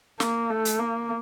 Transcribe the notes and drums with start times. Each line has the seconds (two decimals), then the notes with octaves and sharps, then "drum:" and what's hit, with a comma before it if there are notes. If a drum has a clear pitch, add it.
0.20 A#3, drum: snare
0.50 A3
0.65 drum: hi-hat
0.80 A#3